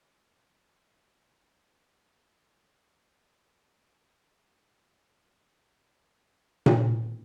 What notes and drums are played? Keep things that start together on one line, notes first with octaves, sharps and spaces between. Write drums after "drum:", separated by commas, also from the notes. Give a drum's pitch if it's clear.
A#5
A#4 D5
F#5
D5 F#6 B6
drum: tom A#2